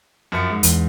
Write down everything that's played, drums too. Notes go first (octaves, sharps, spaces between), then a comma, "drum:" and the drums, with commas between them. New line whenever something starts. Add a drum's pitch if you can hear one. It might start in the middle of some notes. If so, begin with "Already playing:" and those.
F#2 F3 C#7
G#2
E2, drum: hi-hat